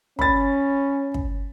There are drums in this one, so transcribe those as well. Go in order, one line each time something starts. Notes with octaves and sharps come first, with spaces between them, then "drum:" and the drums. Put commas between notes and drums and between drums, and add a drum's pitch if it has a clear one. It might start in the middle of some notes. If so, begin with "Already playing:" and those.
C#4 B5 A6, drum: kick
drum: kick